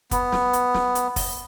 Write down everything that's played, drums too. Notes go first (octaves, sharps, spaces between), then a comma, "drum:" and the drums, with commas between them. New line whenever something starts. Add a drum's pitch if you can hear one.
B3, drum: kick, hi-hat
drum: snare
drum: hi-hat
drum: snare
drum: hi-hat
drum: kick, open hi-hat